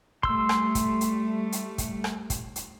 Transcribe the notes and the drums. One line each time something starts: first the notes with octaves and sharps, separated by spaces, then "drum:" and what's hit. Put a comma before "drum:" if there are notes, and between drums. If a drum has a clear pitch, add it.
G3 A3 C6 E6, drum: kick
drum: rim click
drum: kick, hi-hat
drum: hi-hat
drum: hi-hat
drum: kick, hi-hat
drum: rim click
drum: kick, hi-hat
drum: hi-hat